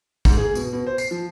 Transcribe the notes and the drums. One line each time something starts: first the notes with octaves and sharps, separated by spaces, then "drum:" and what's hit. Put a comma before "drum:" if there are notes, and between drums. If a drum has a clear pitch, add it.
G#2, drum: kick A1, tambourine
G#4
B2, drum: tambourine
B2
C5
C7, drum: tambourine
F3